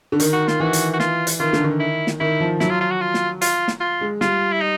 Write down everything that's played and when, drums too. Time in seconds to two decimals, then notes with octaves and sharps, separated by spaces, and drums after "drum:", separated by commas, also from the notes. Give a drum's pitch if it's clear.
0.12 D3
0.20 D#3, drum: hi-hat
0.33 F#4
0.48 F4, drum: snare
0.60 E3 F#4
0.73 drum: hi-hat
0.93 F#4
1.00 F4, drum: snare
1.27 drum: hi-hat
1.40 D#3 F4
1.53 D3, drum: snare
1.64 D#3
1.80 E4
2.07 drum: snare
2.20 D#3 E4
2.40 F3
2.60 F#3 E4, drum: snare
2.71 F4
2.81 F4
2.91 F#4
3.01 F4
3.14 drum: snare
3.42 F4, drum: hi-hat
3.68 drum: snare
3.81 F4
4.01 G#3
4.21 G3 F4, drum: snare
4.52 E4
4.61 D#4